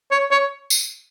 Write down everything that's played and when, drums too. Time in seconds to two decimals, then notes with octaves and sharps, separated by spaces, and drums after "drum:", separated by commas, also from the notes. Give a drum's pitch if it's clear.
0.11 C#5
0.31 C#5
0.70 drum: tambourine